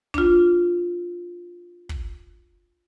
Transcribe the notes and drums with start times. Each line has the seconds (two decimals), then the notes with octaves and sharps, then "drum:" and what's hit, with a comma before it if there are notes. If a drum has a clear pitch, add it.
0.14 D4 F4, drum: kick
1.89 drum: kick